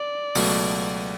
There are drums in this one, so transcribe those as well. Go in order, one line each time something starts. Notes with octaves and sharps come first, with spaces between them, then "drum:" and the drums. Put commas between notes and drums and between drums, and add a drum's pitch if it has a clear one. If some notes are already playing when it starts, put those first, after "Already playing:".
Already playing: D5
C#2 B2 F#3 A3, drum: open hi-hat